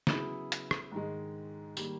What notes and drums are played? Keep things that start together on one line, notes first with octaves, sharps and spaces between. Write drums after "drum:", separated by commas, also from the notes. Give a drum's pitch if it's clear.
C#3 F#3 B3 E4 G#4, drum: snare
drum: hi-hat
drum: rim click
G#2 D#3 G#3
D#3 G3 A#3, drum: tambourine